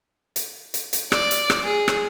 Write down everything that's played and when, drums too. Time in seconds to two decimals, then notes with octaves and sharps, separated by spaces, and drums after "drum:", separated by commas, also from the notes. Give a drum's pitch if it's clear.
0.36 drum: hi-hat
0.74 drum: hi-hat
0.93 drum: hi-hat
1.12 D5, drum: rim click
1.31 drum: hi-hat
1.50 drum: rim click
1.64 G#4
1.88 drum: rim click